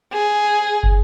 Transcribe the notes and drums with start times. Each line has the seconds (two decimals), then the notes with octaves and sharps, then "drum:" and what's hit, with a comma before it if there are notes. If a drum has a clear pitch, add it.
0.13 G#4
0.83 drum: kick